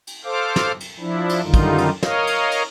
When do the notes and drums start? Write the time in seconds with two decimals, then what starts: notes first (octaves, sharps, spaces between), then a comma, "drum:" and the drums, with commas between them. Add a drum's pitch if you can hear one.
0.07 drum: cymbal
0.24 A4 C5 F5 D6
0.56 drum: snare
0.80 drum: cymbal
0.99 F3 D4 E4
1.29 drum: cymbal
1.43 F#2 D3 D#3 G3 D#4 F4
1.54 drum: kick, cymbal
1.78 drum: cymbal
2.03 A#4 C#5 D#5 F5, drum: snare
2.27 drum: cymbal
2.51 drum: cymbal